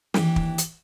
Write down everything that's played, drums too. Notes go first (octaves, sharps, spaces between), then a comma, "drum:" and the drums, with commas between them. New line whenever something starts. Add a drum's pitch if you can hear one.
D#2 E3 D4 G4, drum: snare
drum: kick
drum: hi-hat